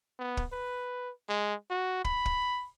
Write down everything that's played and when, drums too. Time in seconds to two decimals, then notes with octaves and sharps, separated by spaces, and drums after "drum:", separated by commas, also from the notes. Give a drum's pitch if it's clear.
0.19 B3
0.37 drum: kick
0.52 B4
1.29 G#3
1.70 F#4
2.05 B5, drum: kick
2.25 drum: kick